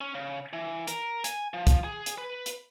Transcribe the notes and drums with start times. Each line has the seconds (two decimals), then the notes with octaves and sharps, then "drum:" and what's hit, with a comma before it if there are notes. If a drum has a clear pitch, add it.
0.01 C#4
0.15 C#3
0.53 E3
0.88 A#4, drum: hi-hat
1.24 G#5, drum: hi-hat
1.54 F3
1.67 drum: kick, hi-hat
1.84 G#4
2.06 drum: hi-hat
2.18 B4
2.46 drum: hi-hat